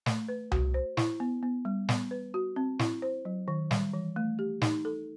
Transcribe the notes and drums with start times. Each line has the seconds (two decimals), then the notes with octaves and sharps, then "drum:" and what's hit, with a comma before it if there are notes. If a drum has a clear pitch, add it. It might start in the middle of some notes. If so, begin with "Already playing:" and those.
0.06 A3, drum: snare
0.28 B4
0.52 F#4, drum: tom C2
0.74 C5
0.97 E4, drum: snare
1.20 B3
1.43 B3
1.65 G3
1.89 B3, drum: snare
2.11 B4
2.34 F#4
2.56 C4
2.79 E4, drum: snare
3.02 C5
3.25 F#3
3.48 D#3
3.71 G3, drum: snare
3.93 E3
4.16 A3
4.39 G4
4.62 D#4, drum: snare
4.85 A4